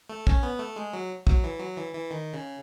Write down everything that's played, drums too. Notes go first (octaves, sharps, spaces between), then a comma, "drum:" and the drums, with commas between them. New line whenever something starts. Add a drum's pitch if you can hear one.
A3
C#4, drum: kick
B3
A3
G#3
F#3
F#3, drum: kick
E3
F#3
E3
E3
D#3
C#3